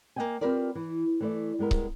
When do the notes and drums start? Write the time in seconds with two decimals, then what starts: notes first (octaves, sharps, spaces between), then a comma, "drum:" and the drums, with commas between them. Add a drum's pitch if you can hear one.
0.16 A#3 C4 D#5 G5 G#5
0.41 C4 F4 G4 A#4 B4 D5
0.75 E3
1.21 E3 A3 D5
1.59 G3 G#3 B3 A#4
1.71 drum: kick C#1